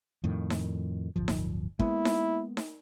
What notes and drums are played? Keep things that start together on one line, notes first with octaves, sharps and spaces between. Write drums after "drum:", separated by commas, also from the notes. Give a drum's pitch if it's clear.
F2 A2 D#3
drum: snare D#4
D1 G1 F3
drum: snare D#4
G#3 A#3 B3 E4, drum: kick
drum: snare D#4
drum: snare D#4